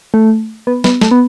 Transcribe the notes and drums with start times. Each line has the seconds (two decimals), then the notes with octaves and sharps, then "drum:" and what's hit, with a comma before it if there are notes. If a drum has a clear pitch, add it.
0.14 A3
0.67 B3
0.84 B3, drum: snare
1.01 A3, drum: snare
1.11 B3